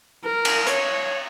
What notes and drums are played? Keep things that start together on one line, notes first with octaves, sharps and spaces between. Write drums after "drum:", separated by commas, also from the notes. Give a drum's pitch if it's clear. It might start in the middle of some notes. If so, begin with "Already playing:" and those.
A#4
drum: cymbal
C#5, drum: hi-hat